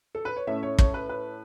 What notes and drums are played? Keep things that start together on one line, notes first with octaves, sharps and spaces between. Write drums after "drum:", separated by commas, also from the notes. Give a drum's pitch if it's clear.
A4
B4
C#5
A2 A3 C#4 E5
C#5
C#5, drum: kick
B4
B4